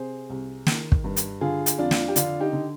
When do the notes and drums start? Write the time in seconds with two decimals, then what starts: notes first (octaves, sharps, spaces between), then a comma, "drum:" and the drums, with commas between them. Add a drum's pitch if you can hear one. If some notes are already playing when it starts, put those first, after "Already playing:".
Already playing: C3 G#4 C5
0.30 C2
0.66 D#3, drum: snare
0.92 drum: kick
1.04 G2
1.17 drum: hi-hat
1.41 D3 F4 G#4
1.66 drum: hi-hat
1.78 F2 D4 F4
1.91 drum: snare
2.08 G4
2.16 D3 D4 F4, drum: hi-hat
2.40 D#4 G4
2.53 D3